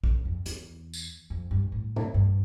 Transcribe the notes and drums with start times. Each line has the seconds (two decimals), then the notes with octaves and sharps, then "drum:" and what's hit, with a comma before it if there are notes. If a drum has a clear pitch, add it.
0.04 C#3, drum: kick A#1
0.25 F2
0.46 E2, drum: hi-hat
0.94 drum: tambourine
1.30 F2
1.51 G2
1.72 A2
1.96 drum: tom A#2
2.14 G2